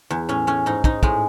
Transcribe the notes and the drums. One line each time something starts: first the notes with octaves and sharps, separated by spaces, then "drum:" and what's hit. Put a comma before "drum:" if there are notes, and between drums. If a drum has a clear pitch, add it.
E2
A2 C#4
A2 C#4
G#2 D#4
G#2 D#4, drum: kick
A2 G#3, drum: kick